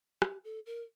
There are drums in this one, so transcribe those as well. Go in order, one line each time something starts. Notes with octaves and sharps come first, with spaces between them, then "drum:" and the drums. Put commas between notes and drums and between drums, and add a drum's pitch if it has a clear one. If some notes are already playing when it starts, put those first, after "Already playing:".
G4, drum: rim click
A4
A#4